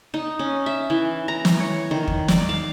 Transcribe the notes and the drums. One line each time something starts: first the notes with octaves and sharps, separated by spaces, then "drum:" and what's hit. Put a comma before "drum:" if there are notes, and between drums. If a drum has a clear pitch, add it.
D#4
C#4
E5
E3
A#5
drum: snare
C#5
D#3
drum: kick
D5, drum: snare
F5